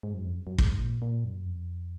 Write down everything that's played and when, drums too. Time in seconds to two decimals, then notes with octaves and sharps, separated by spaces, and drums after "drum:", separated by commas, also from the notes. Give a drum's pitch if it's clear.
0.03 G#2
0.14 F#2
0.25 F2
0.36 F#2
0.47 F#2
0.58 G#2, drum: kick
0.80 A#2
1.02 A#2
1.25 F#2
1.46 F2